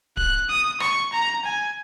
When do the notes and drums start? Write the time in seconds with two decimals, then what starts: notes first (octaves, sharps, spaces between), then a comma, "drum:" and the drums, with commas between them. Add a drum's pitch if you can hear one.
0.17 F#6, drum: kick D1
0.49 D#6
0.80 C#6, drum: rim click
1.13 A#5
1.45 G#5